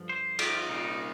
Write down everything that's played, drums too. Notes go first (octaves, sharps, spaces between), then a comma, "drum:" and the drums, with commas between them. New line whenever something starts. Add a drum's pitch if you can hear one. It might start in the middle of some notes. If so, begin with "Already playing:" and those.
Already playing: G2 D3 F3
C5
G4, drum: cymbal
F4
C2 A#2 G3 A#3 D#4
D#4